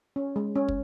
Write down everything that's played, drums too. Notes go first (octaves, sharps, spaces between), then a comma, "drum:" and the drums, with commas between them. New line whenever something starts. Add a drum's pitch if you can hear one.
C#4
G#3
C#4
drum: kick